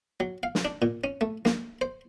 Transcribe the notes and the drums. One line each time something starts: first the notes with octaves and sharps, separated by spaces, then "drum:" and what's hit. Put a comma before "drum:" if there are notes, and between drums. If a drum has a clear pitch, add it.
F#3
F5
drum: snare
D4
A#2
C#4
A3
A#3, drum: snare
C5